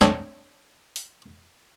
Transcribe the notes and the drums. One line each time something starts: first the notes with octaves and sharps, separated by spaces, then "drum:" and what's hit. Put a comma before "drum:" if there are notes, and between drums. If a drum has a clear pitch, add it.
A3 C4 D4 C#5 D#5 E5, drum: snare
drum: open hi-hat